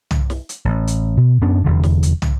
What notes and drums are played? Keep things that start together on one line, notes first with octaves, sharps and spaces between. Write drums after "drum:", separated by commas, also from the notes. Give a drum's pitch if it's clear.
drum: tom
drum: snare
drum: hi-hat
A1
drum: hi-hat
B2
F#2 B3 C#4 D4
F1 E2 G2 D3
drum: snare
drum: hi-hat
drum: tom